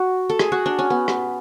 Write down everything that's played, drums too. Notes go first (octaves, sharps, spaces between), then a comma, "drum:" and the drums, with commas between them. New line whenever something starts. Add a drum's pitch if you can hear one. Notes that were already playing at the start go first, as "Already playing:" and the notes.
Already playing: F#4
A4
G#4, drum: rim click
F#4
D4
C#4
B3
drum: rim click